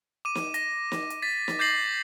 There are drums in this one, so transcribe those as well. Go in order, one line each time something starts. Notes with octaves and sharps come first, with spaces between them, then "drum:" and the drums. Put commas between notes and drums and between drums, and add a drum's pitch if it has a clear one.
D6 D#7
drum: snare
A#6, drum: hi-hat
drum: snare
drum: hi-hat
A6 B6
drum: snare
D6 G6 A6 A#6 C7 F#7